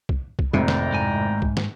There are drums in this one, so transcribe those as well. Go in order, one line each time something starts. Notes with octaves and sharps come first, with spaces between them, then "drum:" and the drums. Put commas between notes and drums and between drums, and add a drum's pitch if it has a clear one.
drum: kick
drum: kick
G#1 F2 A2 C3 D5 G5 A#5
drum: snare
G#2 G#5
drum: kick
drum: snare